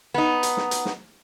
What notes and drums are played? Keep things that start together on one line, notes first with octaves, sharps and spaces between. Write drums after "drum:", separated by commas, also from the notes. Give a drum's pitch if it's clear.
B3 D#4
drum: hi-hat
drum: snare
drum: hi-hat
drum: snare